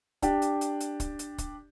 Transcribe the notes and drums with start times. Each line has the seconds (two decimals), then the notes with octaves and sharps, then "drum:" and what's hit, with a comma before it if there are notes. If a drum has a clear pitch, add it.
0.22 D4 G4, drum: kick, hi-hat
0.42 drum: hi-hat
0.61 drum: hi-hat
0.80 drum: hi-hat
1.00 drum: kick, hi-hat
1.19 drum: hi-hat
1.38 drum: kick, hi-hat